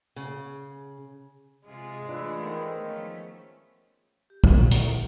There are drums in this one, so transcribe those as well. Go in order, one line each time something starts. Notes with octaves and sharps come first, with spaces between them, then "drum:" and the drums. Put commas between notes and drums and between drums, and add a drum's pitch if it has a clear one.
C#3
C3 G#3 F4 G#4
G#2 E3 A3 D4 F4 B4 E6
D#3 B3 C5
F3 A3 C#4
G4
G4 G#4 C5 F#5 A5 C#6, drum: kick
C4 G4 G#4 D5 G5
D#4 E4 E5, drum: hi-hat
A3 C4 F4 G4